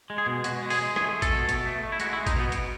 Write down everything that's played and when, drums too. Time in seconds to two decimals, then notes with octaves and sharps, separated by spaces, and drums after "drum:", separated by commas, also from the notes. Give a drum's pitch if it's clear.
0.10 G#3
0.18 G#4
0.26 B2
0.44 B2 F#4, drum: hi-hat
0.62 G#3
0.70 G#4, drum: open hi-hat
0.79 G#3
0.96 A3 G#4, drum: rim click
1.13 A3
1.22 A4, drum: kick, hi-hat
1.32 B2
1.49 B2, drum: hi-hat
1.66 A3
1.83 A3
1.92 E4
2.00 G#3 F#4, drum: hi-hat
2.13 E4
2.18 G#3
2.27 D#4, drum: kick, hi-hat
2.35 B2 B3
2.52 B2, drum: hi-hat